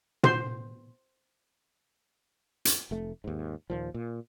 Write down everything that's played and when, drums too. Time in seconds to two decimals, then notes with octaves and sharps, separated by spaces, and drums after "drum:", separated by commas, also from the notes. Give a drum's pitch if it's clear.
0.24 C5 C6, drum: tom
2.65 drum: hi-hat
2.91 F1 A3
3.24 D#2 G#2
3.70 D#2 A#2 F3
3.94 A#2